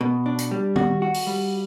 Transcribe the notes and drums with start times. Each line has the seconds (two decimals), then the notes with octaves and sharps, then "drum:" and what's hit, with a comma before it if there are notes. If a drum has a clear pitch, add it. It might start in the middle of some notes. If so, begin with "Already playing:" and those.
0.01 B2
0.26 D4
0.39 drum: hi-hat
0.51 G3
0.76 F#4, drum: tom
1.02 F#4
1.14 drum: open hi-hat
1.27 G3